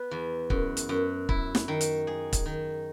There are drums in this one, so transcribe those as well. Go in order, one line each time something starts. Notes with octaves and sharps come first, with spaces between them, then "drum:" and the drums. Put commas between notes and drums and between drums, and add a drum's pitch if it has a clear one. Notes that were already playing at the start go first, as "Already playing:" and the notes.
Already playing: B3
E2
F#2, drum: kick
drum: hi-hat
F#2
E4, drum: kick
drum: snare
D#3
drum: hi-hat
G#4
drum: kick, hi-hat
D#3